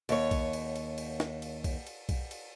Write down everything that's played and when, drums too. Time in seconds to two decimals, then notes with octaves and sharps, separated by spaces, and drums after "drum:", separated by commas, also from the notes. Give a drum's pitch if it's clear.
0.09 D#2 C#5, drum: cymbal
0.31 drum: kick B1, cymbal
0.53 drum: cymbal
0.76 drum: cymbal
0.98 drum: cymbal
1.20 drum: snare
1.42 drum: cymbal
1.64 drum: kick B1, cymbal
1.87 drum: cymbal
2.09 drum: kick B1, cymbal
2.31 drum: cymbal